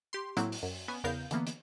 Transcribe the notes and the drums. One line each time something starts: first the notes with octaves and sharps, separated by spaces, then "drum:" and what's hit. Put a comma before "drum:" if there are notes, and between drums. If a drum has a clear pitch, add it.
G4 C6
A2 F#3 A#3 C4 E4, drum: hi-hat
drum: open hi-hat
F#2
B3 C#4 G#5
E2 C#3 B3 A#4 F5 G6
D3 E3 A#3 B3, drum: hi-hat
drum: hi-hat